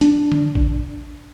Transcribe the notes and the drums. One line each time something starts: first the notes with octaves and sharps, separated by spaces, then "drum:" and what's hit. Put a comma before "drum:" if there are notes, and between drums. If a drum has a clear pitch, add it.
D4, drum: hi-hat
drum: tom D3
drum: kick